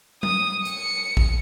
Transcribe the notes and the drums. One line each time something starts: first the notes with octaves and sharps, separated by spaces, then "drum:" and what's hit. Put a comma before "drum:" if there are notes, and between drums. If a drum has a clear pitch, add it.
D#6, drum: tom F#3
C#7, drum: hi-hat
drum: kick